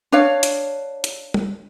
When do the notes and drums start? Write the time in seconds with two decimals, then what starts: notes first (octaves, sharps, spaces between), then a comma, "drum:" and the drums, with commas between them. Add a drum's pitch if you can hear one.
0.12 D4 C#5 F5
0.43 drum: hi-hat
1.04 drum: hi-hat
1.34 drum: tom